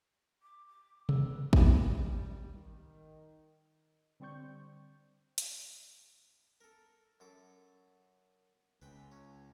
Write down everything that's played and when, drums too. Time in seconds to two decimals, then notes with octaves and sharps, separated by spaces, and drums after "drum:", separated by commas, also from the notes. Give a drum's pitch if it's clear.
0.42 D6
0.67 D6
1.09 D#5 E6, drum: tom C3
1.29 B4
1.53 drum: kick G#1
1.83 G3
2.53 D#3
4.20 D3 G3 C4 D5 C#6 G6
5.38 drum: hi-hat
6.61 A4 A#4
7.20 F#2 A4 D6
8.82 C#2 B4 G5
9.12 C#4